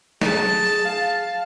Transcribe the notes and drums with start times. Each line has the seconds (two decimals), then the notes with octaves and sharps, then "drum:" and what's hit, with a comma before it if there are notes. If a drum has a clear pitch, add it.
0.21 G#4 A5, drum: snare
0.85 F5